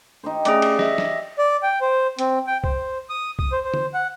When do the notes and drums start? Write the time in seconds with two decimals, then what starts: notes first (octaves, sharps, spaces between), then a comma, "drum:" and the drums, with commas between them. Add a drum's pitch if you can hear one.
0.23 D#4 G4 C5
0.45 A3 C#4 G#4 D5, drum: hi-hat
0.62 drum: cymbal
0.79 D#5 E5, drum: snare
0.98 drum: snare
1.38 D5
1.63 G5
1.81 C5
2.19 C4, drum: hi-hat
2.47 G5
2.64 C5, drum: kick B1
3.10 D#6
3.39 D#6, drum: kick B1
3.52 C5
3.64 C5
3.74 drum: tom D3
3.94 F#5